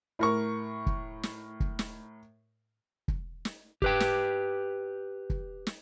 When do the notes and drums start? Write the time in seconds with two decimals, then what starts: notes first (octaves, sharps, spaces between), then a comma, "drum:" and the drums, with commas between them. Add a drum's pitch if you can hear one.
0.19 A2 A#4 C#6
0.86 drum: kick
1.23 drum: snare
1.60 drum: kick
1.79 drum: snare
3.08 drum: kick
3.45 drum: snare
3.82 G4 B4 G5, drum: kick
4.00 drum: snare
5.30 drum: kick
5.67 drum: snare